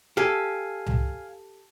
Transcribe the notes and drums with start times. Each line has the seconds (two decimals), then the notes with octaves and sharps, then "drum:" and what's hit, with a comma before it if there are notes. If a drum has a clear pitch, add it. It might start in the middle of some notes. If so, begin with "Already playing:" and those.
0.17 G4 A4 F5 G#5
0.87 drum: tom C2